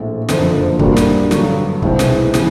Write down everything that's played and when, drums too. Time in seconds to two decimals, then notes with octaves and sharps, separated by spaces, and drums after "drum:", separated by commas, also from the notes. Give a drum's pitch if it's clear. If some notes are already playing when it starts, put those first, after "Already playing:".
Already playing: A#1 A2 F3
0.29 F#1 F2 D3 F3 A#3, drum: snare
0.79 A#2 G3 A#3 D4 F#4, drum: kick
0.97 drum: snare
1.31 G2 D3 F#3, drum: snare
1.82 C2 B2 G#3 C4 E4, drum: kick
1.99 drum: snare
2.34 C#3 E3 G#3 B3, drum: snare